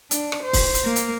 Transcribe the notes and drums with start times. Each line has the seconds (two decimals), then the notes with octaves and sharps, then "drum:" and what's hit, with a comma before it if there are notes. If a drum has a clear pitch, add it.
0.11 D4, drum: hi-hat
0.32 drum: rim click
0.43 C5
0.53 drum: kick, open hi-hat
0.75 drum: hi-hat
0.85 A#3
0.96 drum: hi-hat